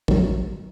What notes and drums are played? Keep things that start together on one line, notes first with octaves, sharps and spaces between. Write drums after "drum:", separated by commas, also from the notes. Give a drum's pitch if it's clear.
D#3 F#3, drum: kick